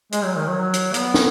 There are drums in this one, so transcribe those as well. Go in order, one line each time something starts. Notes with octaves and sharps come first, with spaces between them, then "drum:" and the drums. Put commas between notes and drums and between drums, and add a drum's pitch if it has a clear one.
G#3, drum: hi-hat
F#3
D#3
F#3
drum: hi-hat
B3, drum: hi-hat
drum: snare